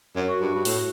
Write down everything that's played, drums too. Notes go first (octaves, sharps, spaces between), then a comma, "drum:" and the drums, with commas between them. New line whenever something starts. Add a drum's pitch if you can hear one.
F#2
F#4
G2
G2
A2, drum: open hi-hat